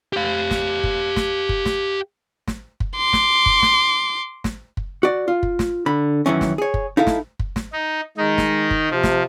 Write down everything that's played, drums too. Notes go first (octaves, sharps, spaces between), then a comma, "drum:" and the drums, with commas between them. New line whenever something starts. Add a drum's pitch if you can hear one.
G4 F5
drum: snare
drum: kick
drum: snare
drum: kick
drum: snare
drum: snare
drum: kick
C6 D6
drum: snare
drum: kick
drum: snare
drum: snare
drum: kick
F#4 D5
F4
drum: kick
drum: snare
D3 B5
F#2 D#3 E3 C#4
drum: snare
G#4 C#5
drum: kick
D#4 E4 A4 F5
drum: snare
drum: kick
drum: snare
D#4
D#3 G#3 D#4
drum: snare
drum: kick
C3 F3
drum: snare